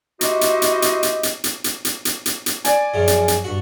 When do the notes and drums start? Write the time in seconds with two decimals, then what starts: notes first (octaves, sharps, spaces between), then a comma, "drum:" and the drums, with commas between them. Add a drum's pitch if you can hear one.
0.21 E4 F#4 G4 C5 D#5, drum: hi-hat
0.41 drum: hi-hat
0.62 drum: hi-hat
0.82 drum: hi-hat
1.03 drum: hi-hat
1.23 drum: hi-hat
1.44 drum: hi-hat
1.64 drum: hi-hat
1.85 drum: hi-hat
2.05 drum: hi-hat
2.26 drum: hi-hat
2.46 drum: hi-hat
2.65 D5 G#5, drum: hi-hat
2.94 F#2 C#3 F3
3.08 drum: hi-hat
3.28 drum: hi-hat
3.44 G2 F#4